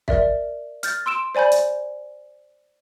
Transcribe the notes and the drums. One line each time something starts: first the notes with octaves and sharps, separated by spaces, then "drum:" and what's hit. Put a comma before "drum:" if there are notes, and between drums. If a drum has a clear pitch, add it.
A#4 D5 E5, drum: kick
F6 G6 A6, drum: hi-hat
C6 E6 D7 E7
C5 D5 G#5 B5 G6
drum: hi-hat